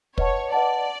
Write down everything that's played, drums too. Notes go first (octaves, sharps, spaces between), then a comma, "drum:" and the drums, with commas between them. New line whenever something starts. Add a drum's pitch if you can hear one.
B4 C#5 D#5 F#5 A5, drum: kick
B4 D5 D#5 F#5 A5